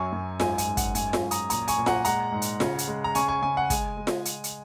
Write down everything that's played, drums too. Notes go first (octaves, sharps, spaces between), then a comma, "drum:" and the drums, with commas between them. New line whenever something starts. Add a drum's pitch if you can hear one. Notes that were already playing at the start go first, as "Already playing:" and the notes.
Already playing: F#2 F#3 G#5 C#6
F#2
G#2 G#5, drum: snare F4
G#5, drum: hi-hat
G#2
F#5, drum: kick, hi-hat
F#2 G#5, drum: hi-hat
drum: snare F4
F#2
A#5 D#6, drum: hi-hat
A#2 A#5 D#6, drum: hi-hat
G#5 C#6, drum: hi-hat
A#2
F#5 A#5, drum: snare F4
G#3 F#5 A#5, drum: hi-hat
G#2
drum: hi-hat
C#3, drum: snare F4
drum: hi-hat
G#3
A#5
C#3 G#5 C#6, drum: hi-hat
G#5 C#6
C#3 G#5
F#5
G#3 G#5, drum: kick, hi-hat
G#3
drum: snare F4
drum: hi-hat
drum: hi-hat